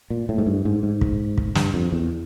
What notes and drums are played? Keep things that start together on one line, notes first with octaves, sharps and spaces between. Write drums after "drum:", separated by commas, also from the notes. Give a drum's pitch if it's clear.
A#2
A2
G#2
G2
G#2
G#2
drum: kick
drum: kick
G2, drum: snare
F2
E2